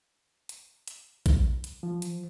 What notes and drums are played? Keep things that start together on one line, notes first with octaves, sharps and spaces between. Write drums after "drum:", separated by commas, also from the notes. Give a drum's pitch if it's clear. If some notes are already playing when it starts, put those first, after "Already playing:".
drum: hi-hat
drum: hi-hat
drum: kick A#1, hi-hat
drum: hi-hat
F3
drum: hi-hat